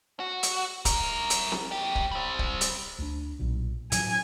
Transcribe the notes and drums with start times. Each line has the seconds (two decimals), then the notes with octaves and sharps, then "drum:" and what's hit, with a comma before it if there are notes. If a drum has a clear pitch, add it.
0.20 F#4
0.43 drum: hi-hat
0.85 E4 A#4, drum: kick D1, hi-hat
1.30 drum: hi-hat
1.52 drum: snare C4
1.72 F#2 G4
1.95 drum: kick D1
2.11 G3 C4
2.39 drum: kick D1
2.61 drum: hi-hat
2.99 D2 D4
3.39 B1 A#2
3.92 A2 F#3 C#4 G#5, drum: hi-hat